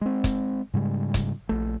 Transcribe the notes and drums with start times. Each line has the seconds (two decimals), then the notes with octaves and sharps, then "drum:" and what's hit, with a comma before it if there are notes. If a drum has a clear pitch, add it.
0.01 G#3 C4
0.24 drum: kick, hi-hat
0.74 G#2 C#3 G3 G#3
1.14 drum: kick, hi-hat
1.49 A#1 A3